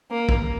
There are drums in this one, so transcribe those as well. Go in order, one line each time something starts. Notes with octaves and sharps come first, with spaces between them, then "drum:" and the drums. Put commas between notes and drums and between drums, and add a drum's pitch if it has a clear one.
A#3
drum: kick